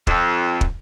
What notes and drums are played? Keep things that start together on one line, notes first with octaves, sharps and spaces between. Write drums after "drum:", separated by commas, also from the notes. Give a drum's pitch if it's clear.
F2, drum: kick
drum: kick